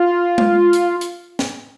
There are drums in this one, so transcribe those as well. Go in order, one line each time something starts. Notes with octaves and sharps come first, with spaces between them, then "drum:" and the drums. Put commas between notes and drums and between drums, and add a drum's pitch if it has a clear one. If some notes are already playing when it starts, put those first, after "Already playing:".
Already playing: F4
drum: tom G#3
drum: hi-hat
drum: hi-hat
drum: snare